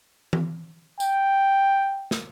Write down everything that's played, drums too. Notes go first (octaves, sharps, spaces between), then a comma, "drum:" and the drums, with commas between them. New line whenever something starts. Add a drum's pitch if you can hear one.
drum: tom E3
G5, drum: tambourine
drum: snare